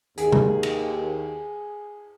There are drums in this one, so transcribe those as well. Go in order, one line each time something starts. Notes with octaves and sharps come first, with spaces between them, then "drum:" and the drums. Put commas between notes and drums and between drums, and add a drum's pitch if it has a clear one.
D#2 G#4, drum: hi-hat
drum: tom C3
drum: cymbal